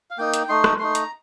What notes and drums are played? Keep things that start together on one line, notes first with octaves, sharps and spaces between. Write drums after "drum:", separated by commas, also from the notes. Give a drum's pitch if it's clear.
F5
A#3 D#4 G5
drum: hi-hat
A3 D#4 C6
drum: rim click
A3 D#4 C6
A#5, drum: hi-hat